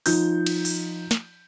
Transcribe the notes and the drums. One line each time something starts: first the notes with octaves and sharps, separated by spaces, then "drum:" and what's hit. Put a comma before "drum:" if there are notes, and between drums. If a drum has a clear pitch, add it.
F3 D#4 G6, drum: open hi-hat
drum: cymbal
drum: open hi-hat
drum: snare